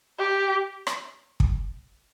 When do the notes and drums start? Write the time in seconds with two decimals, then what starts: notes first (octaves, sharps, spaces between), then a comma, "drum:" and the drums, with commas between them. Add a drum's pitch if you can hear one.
0.19 G4
0.87 drum: rim click
1.40 drum: kick